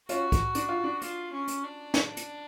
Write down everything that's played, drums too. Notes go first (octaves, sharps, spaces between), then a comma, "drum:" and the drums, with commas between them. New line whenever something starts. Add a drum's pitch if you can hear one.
C#4 F4 F#4, drum: hi-hat
drum: kick C2, hi-hat
D4, drum: hi-hat
F4
D4
F4, drum: hi-hat
C#4
drum: hi-hat
D4
drum: snare
drum: hi-hat